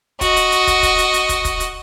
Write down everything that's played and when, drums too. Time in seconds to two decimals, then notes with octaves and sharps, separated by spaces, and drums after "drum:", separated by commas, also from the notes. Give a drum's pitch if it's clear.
0.21 F#4 D#5, drum: kick, hi-hat
0.36 drum: hi-hat
0.52 drum: hi-hat
0.67 drum: kick, hi-hat
0.83 drum: kick, hi-hat
0.98 drum: hi-hat
1.14 drum: hi-hat
1.29 drum: kick, hi-hat
1.45 drum: kick, hi-hat
1.60 drum: hi-hat